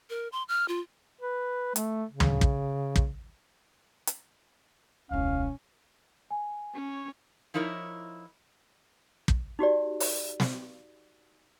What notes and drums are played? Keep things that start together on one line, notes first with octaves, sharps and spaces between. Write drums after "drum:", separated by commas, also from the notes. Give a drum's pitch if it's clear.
A#4
C6
F6
F4
B4
A3, drum: hi-hat
C#3
drum: tom
drum: kick
drum: kick
drum: hi-hat
E1 C#2 C#4 F5
G#5
C#4 C#5
F3 D#4 E4 A#4 C#5
drum: kick
D#4 F#4 G4 D5
drum: open hi-hat
drum: snare